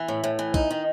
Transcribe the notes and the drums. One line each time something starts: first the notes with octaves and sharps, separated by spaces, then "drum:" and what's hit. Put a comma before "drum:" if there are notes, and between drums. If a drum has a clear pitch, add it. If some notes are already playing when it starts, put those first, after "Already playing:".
Already playing: E3
A2
A2
E3
D#4, drum: kick
D#3